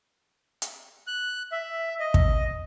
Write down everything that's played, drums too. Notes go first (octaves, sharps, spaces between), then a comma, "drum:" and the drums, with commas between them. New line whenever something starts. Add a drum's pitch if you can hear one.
drum: hi-hat
F#6
E5
D#5
drum: kick